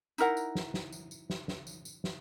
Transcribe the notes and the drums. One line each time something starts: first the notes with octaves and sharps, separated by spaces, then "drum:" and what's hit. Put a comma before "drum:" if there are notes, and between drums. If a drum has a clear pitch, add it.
D#4 E4 A#4 F#5, drum: tambourine
drum: tambourine
drum: snare
drum: snare
drum: tambourine
drum: tambourine
drum: snare
drum: snare
drum: tambourine
drum: tambourine
drum: snare